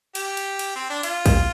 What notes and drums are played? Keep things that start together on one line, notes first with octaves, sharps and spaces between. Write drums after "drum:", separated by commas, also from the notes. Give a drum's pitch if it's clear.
G4, drum: cymbal
drum: cymbal
drum: cymbal
C4
D4
F4, drum: cymbal
drum: kick, cymbal